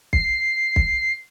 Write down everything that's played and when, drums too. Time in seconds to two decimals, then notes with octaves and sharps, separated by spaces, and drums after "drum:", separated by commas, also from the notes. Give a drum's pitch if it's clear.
0.13 C7, drum: kick
0.76 drum: kick